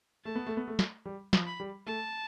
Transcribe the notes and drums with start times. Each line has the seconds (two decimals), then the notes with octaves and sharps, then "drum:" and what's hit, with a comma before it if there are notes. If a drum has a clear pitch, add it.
0.25 A3 A5
0.35 B3
0.47 A3
0.57 B3
0.68 A3
0.79 drum: snare
1.06 G3
1.33 F3, drum: snare
1.46 B5
1.60 G3
1.87 A3 A5